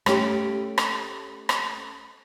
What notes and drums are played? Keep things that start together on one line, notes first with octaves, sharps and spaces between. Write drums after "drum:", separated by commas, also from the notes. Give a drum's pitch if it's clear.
A3 C#4 G4, drum: rim click
drum: rim click
drum: rim click